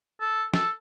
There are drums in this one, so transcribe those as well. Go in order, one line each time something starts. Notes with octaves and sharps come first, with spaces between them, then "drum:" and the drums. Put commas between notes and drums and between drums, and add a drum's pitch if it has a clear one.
A4
A4, drum: snare